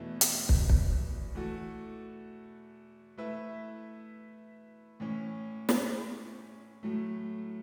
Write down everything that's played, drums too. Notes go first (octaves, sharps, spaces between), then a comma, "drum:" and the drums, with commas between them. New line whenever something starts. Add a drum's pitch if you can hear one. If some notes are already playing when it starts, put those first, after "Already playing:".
Already playing: E2 B2 A3 E4 B4
drum: hi-hat
drum: kick
drum: kick
E3 A3 F#4 A4
A3 E4 B4 E5
A2 E3 C#4
drum: snare
A2 F#3 A3